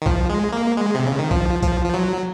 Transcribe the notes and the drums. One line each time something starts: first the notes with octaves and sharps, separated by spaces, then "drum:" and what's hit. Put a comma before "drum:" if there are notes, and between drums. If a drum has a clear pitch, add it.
D#3
F3, drum: kick B1
G#3
A#3
G#3
C3
C#3
D#3
F3, drum: kick B1
F3, drum: kick B1, tambourine
F3
F#3